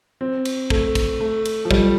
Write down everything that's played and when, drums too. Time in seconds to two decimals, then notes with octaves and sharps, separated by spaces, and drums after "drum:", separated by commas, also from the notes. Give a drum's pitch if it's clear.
0.21 C4
0.45 drum: cymbal
0.70 A3, drum: kick
0.95 drum: kick, cymbal
1.20 A3
1.45 drum: cymbal
1.65 F3
1.71 G3, drum: kick